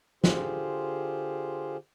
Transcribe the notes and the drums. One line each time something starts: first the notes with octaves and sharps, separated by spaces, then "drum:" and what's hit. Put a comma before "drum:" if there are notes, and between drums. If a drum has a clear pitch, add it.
D3 F4 G4 G#4 C5, drum: snare